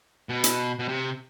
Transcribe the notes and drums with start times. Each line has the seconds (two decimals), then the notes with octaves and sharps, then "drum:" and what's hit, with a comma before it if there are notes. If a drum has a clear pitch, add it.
0.29 B2
0.44 drum: hi-hat
0.79 B2
0.89 C3